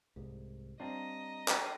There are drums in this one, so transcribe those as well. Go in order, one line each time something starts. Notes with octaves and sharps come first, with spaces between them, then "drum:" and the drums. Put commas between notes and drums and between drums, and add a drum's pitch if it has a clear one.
C2 G#2
G3 C4 D4 F4 D#5 A#5
drum: clap